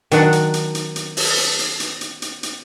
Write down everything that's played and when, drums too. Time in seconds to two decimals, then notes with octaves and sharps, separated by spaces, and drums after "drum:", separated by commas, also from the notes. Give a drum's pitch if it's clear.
0.12 D#3 F#3 D4 F#5 A#5, drum: hi-hat
0.33 drum: hi-hat
0.54 drum: hi-hat
0.75 drum: hi-hat
0.96 drum: hi-hat
1.17 drum: open hi-hat
1.38 drum: hi-hat
1.59 drum: hi-hat
1.80 drum: hi-hat
2.01 drum: hi-hat
2.22 drum: hi-hat
2.43 drum: hi-hat